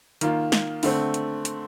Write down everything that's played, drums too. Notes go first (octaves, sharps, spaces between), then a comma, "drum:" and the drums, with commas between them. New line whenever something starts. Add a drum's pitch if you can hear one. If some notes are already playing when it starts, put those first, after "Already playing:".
D#3 A#3 F4, drum: hi-hat
drum: snare
D3 A3 C4, drum: open hi-hat
drum: hi-hat
drum: hi-hat